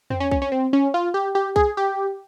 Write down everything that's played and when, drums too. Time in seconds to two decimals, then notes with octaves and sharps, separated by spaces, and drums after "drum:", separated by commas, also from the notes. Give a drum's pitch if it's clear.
0.10 C4, drum: tom E2
0.20 C#4
0.31 C#4, drum: kick B1
0.42 C#4
0.52 C4
0.73 C#4
0.94 F4
1.14 G4
1.35 G4
1.56 G#4, drum: kick B1
1.77 G4